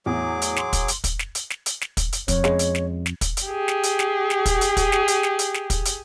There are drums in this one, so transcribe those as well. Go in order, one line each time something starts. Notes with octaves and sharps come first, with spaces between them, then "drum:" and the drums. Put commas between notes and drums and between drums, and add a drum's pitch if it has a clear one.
E2 A2 F#3 E4 G#4 D6
drum: hi-hat
C6, drum: snare
drum: kick, hi-hat
drum: hi-hat
drum: kick, hi-hat
drum: snare
drum: hi-hat
drum: snare
drum: hi-hat
drum: snare
drum: kick, hi-hat
drum: hi-hat
F2 C#5, drum: kick, hi-hat
C#3 G#3, drum: snare
drum: hi-hat
drum: snare
drum: snare
drum: kick, hi-hat
drum: hi-hat
G4 G#4
drum: snare
drum: hi-hat
drum: snare
drum: snare
drum: kick, hi-hat
drum: hi-hat
drum: kick, hi-hat
drum: snare
drum: hi-hat
drum: snare
drum: hi-hat
drum: snare
drum: kick, hi-hat
drum: hi-hat